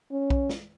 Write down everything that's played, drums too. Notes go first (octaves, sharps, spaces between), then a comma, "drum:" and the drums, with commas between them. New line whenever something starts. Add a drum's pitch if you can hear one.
C#4
drum: kick B1
drum: snare